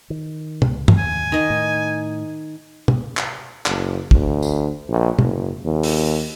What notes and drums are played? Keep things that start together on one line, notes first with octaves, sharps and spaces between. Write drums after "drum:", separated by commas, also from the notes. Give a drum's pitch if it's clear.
D#3
C#2, drum: tom
drum: tom
D#2 G#5
D#3 D#5
A2
drum: tom
drum: clap
F#1, drum: clap
D2, drum: kick
drum: tambourine
A#1
F#1, drum: tom
D#2
drum: open hi-hat